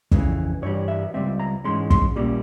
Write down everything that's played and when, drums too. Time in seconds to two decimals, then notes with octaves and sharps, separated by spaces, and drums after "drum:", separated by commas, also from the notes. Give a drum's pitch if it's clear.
0.11 F2 C#3 E3, drum: kick
0.62 G2 E3 G3 C#5
0.88 E5
1.14 C#2 C#3 G3 C4 E5
1.40 A#5
1.64 G#2 E3 G#3 C#4 C6
1.90 C6, drum: kick
2.16 A#2 G3 A#3 C#4